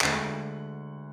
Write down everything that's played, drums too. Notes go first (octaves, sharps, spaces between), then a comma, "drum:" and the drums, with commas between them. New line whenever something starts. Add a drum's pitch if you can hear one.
D2 D3 G#3 F#5, drum: clap